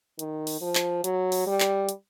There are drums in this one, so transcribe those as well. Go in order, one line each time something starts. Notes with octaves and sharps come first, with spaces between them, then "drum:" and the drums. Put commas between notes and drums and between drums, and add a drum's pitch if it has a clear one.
D#3, drum: hi-hat
drum: open hi-hat
F3
drum: clap
F#3, drum: hi-hat
drum: open hi-hat
G3
drum: clap
drum: hi-hat